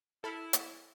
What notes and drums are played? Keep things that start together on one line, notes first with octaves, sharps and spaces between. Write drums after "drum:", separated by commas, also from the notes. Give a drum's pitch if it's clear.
E4 A4 B5 F6
drum: hi-hat